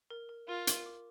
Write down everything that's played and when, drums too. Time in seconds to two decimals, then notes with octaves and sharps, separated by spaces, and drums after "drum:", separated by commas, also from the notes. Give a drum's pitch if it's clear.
0.10 A#4
0.29 A#4
0.48 F4 A#4
0.67 A#4, drum: hi-hat
0.86 D6